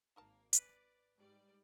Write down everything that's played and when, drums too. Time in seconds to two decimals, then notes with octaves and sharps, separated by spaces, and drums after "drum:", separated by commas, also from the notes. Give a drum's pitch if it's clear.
0.16 G#1 A#3 D#4 A#4 A5
0.53 B4 D5, drum: hi-hat
1.17 G#2 G3 D5